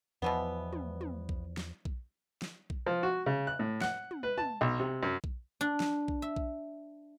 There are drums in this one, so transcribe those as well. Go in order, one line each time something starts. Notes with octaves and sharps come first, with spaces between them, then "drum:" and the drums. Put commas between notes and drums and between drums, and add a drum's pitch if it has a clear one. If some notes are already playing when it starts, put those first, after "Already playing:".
E2 B2 E3 F3 B3
drum: tom
drum: tom
drum: kick A#1
drum: snare
drum: kick A#1
drum: snare
drum: kick A#1
F3
F#4
C#3
F#6
A2
F#5, drum: snare
drum: tom
B4
A5, drum: tom
B1
C3
F#2
drum: kick A#1
D4
drum: snare
drum: kick A#1
E5
drum: kick A#1